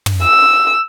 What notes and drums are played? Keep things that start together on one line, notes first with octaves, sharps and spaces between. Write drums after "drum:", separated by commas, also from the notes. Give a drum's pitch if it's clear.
drum: tom
E6